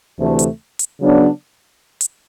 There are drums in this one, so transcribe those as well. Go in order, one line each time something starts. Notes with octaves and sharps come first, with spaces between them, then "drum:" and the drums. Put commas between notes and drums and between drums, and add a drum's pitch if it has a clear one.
D2 C3 E3 A3
drum: hi-hat
drum: hi-hat
C#3 F#3 B3 D4
drum: hi-hat